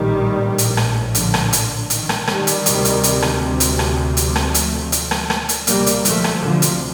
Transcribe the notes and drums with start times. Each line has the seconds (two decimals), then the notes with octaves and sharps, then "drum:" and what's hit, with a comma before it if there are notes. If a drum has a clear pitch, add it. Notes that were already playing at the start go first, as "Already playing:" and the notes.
Already playing: A#1 A2 D#3 G3
0.58 drum: hi-hat
0.77 drum: rim click
1.15 D3 F3, drum: hi-hat
1.34 drum: rim click
1.53 drum: hi-hat
1.90 D#3, drum: hi-hat
2.09 drum: rim click
2.27 D#3 G3, drum: rim click
2.47 drum: hi-hat
2.66 D2 C3, drum: hi-hat
2.85 drum: hi-hat
3.04 drum: hi-hat
3.22 drum: rim click
3.60 drum: hi-hat
3.79 drum: rim click
4.17 F3 A3, drum: hi-hat
4.36 drum: rim click
4.54 drum: hi-hat
4.92 drum: hi-hat
5.11 drum: rim click
5.30 drum: rim click
5.49 drum: hi-hat
5.67 D2 C3 G3 A#3, drum: hi-hat
5.86 drum: hi-hat
6.05 F3 A3, drum: hi-hat
6.24 drum: rim click
6.42 D3 F3
6.62 drum: hi-hat